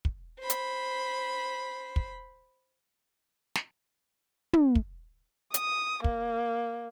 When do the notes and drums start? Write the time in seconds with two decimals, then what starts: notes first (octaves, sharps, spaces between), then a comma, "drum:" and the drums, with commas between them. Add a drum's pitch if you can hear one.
0.05 drum: kick
0.40 C5 B5
0.50 drum: hi-hat
1.96 drum: kick
3.55 drum: snare
4.53 drum: tom
4.75 drum: kick
5.54 D#6, drum: hi-hat
6.04 A#3, drum: kick